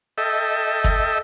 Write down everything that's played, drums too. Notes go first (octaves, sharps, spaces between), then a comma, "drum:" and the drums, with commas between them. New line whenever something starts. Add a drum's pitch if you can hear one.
A4 D#5 E5 G5
drum: kick